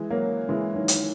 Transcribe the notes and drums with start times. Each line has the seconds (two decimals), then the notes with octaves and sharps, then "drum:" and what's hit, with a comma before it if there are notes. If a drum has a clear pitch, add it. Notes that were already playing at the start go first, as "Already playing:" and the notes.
Already playing: E3 G#3
0.10 F#3 A#3
0.49 E3 G#3
0.74 D#3 F#3
0.88 drum: hi-hat